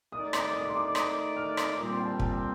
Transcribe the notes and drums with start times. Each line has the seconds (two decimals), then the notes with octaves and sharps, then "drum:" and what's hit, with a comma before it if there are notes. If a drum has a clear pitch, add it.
0.12 A3 D#4 A#4 D5 D#6
0.33 D6, drum: rim click
0.53 D#6
0.61 D6
0.69 C6
0.76 D6
0.95 D#6, drum: rim click
1.37 F6
1.57 D#6, drum: rim click
1.77 A#2 G3 C4 D6
1.92 C6
2.00 G5
2.05 A5
2.20 G5, drum: kick